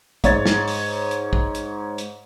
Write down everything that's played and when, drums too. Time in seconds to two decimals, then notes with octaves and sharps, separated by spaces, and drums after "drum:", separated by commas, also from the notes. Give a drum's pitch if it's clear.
0.24 G#2 C#5 A6, drum: kick, hi-hat
0.46 drum: snare
0.67 drum: open hi-hat
1.11 drum: hi-hat
1.33 drum: kick
1.55 drum: hi-hat
1.98 drum: hi-hat